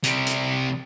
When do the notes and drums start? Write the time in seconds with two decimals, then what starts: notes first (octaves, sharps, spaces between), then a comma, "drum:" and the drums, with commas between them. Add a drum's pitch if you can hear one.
0.04 C3 G3, drum: hi-hat
0.27 drum: hi-hat